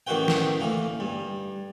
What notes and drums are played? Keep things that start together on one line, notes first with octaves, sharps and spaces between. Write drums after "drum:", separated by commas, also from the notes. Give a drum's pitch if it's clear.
A1 D#3 E3 F#4 B4 G5
drum: snare
D2 E3 A#3
G2